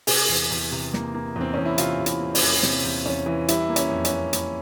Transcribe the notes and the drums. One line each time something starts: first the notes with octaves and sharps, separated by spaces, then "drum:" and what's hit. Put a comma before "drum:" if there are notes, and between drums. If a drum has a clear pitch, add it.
C3 G#4, drum: open hi-hat
E2
E2
C3
A#3, drum: snare
A#3
E2 C4
E2 C#4
E4
C3 F4, drum: hi-hat
C3
E4, drum: hi-hat
A#3
C#4, drum: open hi-hat
E2
C3 C4, drum: snare
E2
E2 C#4
E3
G3 E4, drum: hi-hat
A#3
C#4, drum: hi-hat
F2
C#4, drum: hi-hat
A#3
A#3 E4, drum: hi-hat